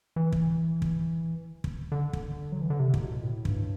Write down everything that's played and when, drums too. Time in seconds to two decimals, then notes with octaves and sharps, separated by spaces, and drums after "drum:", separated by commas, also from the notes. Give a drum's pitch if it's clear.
0.16 E3
0.32 drum: kick
0.82 drum: kick
1.64 drum: kick
1.92 D3
2.13 drum: kick
2.52 F#3
2.61 E3
2.70 D3
2.79 C3
2.94 A2, drum: kick
3.01 B2
3.23 A2
3.45 G2, drum: kick